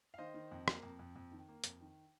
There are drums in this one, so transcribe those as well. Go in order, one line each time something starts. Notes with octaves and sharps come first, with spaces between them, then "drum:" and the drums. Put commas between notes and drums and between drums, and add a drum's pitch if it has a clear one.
F5
D#3 C5 D#5
D#3
F2
A#3, drum: rim click
F2
F2
F2
D#3
A#3
F2, drum: hi-hat
D#3